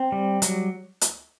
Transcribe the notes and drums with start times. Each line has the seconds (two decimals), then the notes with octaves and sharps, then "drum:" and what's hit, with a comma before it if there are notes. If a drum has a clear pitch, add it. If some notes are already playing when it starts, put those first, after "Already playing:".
Already playing: C4
0.12 G3
0.42 F#3, drum: hi-hat
1.01 drum: hi-hat